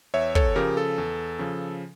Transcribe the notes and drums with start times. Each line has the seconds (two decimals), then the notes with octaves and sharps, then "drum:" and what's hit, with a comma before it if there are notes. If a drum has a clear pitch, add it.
0.14 E2 C#5 E5
0.35 A4 C#5, drum: kick
0.56 C#3 F3 G4 A#4
0.77 A4
0.98 E2
1.39 C#3 F3